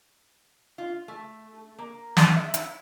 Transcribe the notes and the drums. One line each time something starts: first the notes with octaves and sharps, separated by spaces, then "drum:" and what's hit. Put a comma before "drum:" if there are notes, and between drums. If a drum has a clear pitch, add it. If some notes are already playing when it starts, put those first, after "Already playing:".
F4
A3
A#3
drum: snare
E5
E4, drum: hi-hat